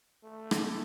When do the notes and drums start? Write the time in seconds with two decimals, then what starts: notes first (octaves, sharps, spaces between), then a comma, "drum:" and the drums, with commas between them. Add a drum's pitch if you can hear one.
0.24 A3
0.51 drum: rim click